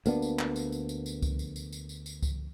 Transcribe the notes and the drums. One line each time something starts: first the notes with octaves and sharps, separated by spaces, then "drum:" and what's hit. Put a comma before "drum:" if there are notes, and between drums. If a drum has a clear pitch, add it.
D2 A#3 B3 D4, drum: tambourine
drum: tambourine
drum: clap
drum: tambourine
drum: tambourine
drum: tambourine
drum: tambourine
drum: kick C#2, tambourine
drum: tambourine
drum: tambourine
drum: tambourine
drum: tambourine
drum: tambourine
drum: kick C#2, tambourine